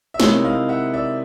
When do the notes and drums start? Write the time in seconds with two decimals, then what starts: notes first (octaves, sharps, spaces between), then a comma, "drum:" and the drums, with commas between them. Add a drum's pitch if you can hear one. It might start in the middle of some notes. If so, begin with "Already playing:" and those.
0.14 E5
0.20 C3 D#3 G#3 C4 E4 C#5 D#5, drum: snare
0.45 D#5 F5
0.69 E5 F#5
0.93 D5 E5